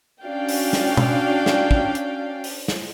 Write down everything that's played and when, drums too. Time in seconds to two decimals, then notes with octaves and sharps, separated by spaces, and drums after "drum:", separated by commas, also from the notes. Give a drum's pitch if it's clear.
0.24 C#4 D4 F#4 D5 F5 G5
0.49 drum: open hi-hat
0.73 drum: snare
0.97 drum: tom B2
1.46 drum: snare
1.71 drum: kick
1.95 drum: hi-hat
2.44 drum: open hi-hat
2.68 drum: snare